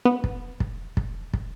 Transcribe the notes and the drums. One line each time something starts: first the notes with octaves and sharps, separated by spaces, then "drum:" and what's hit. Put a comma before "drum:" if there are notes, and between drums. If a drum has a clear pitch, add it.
B3
drum: kick
drum: kick
drum: kick
drum: kick